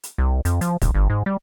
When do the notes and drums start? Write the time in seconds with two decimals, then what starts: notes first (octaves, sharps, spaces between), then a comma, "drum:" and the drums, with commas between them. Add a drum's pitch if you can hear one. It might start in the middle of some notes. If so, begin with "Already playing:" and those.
0.03 drum: hi-hat
0.18 C2
0.45 F2, drum: hi-hat
0.61 F3, drum: hi-hat
0.82 D#1, drum: kick, hi-hat
0.95 G1
1.10 G#2
1.26 G3